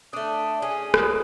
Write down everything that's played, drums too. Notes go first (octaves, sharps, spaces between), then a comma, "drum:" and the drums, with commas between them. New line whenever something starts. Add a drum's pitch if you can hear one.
A3 D4 D#6
C#4 G#4 D#6
drum: rim click